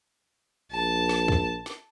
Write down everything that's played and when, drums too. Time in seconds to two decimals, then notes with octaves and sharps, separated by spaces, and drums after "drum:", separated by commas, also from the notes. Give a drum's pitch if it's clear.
0.72 A#1 A5
1.09 drum: snare
1.28 drum: kick
1.66 drum: snare